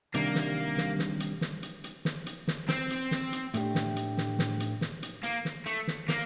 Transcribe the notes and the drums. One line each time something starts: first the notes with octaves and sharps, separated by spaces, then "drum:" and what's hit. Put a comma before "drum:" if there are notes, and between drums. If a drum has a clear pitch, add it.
C2 C3 D#3 G3 A#3 D4, drum: hi-hat
drum: snare
drum: snare
drum: snare
drum: hi-hat
drum: snare
drum: hi-hat
drum: hi-hat
drum: snare
drum: hi-hat
drum: snare
C4, drum: snare
drum: hi-hat
drum: snare
drum: hi-hat
A2 A3 D4 G4, drum: hi-hat
drum: snare
drum: hi-hat
drum: snare
drum: snare
drum: hi-hat
drum: snare
drum: hi-hat
A#3, drum: hi-hat
drum: snare
A3, drum: hi-hat
drum: snare
A#3, drum: snare